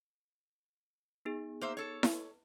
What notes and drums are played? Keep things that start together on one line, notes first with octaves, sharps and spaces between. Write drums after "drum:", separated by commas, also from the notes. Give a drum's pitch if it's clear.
B3 D#4 G#4
A#3 C5 E5
A4 C#5
drum: snare E4